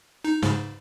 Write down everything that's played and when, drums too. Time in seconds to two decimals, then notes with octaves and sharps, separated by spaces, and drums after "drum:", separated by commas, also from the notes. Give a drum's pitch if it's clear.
0.24 D#4
0.42 G#2 C#3, drum: snare